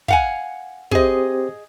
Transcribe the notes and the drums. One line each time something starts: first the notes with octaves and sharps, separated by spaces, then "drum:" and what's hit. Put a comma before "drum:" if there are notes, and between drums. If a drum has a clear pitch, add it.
F5 F#5 G#5, drum: kick
C4 G4 G#4 C5 D#5, drum: kick